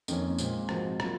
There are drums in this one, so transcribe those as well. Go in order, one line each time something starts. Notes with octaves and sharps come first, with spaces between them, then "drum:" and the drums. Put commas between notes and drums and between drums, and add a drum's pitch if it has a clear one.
F2 D#3 A#3 C#4, drum: tambourine
A#2 G#3 C4, drum: tambourine
G#2 F3 C4 F#4 A#4, drum: rim click
F#3 A#3 F4, drum: rim click